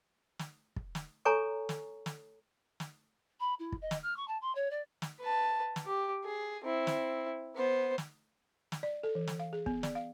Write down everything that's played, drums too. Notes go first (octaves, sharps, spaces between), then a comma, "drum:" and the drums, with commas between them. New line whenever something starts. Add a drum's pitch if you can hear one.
drum: snare
drum: kick
drum: snare
A4 C#5 G#5 A#5 C#6
drum: snare
drum: snare
drum: snare
B5
E4
drum: kick
D#5
drum: snare
F6
C#6
A5
C6
C#5
D5
drum: snare
B4 A5
drum: snare
G4
G#4
C4 E4
drum: snare
B3 C5
drum: snare
drum: snare
D5
A4
E3
drum: snare
F5
G#4
B3, drum: kick
D5, drum: snare
F5